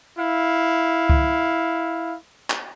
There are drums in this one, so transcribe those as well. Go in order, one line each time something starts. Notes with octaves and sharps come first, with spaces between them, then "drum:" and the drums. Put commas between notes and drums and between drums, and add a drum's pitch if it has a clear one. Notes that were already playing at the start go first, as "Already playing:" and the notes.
E4 F5
drum: kick C#2
drum: clap